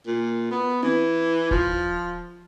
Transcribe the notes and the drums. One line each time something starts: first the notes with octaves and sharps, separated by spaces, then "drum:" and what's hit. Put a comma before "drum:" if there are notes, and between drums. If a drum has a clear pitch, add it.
A#2
B3
E3, drum: tom C4
F3, drum: kick D#1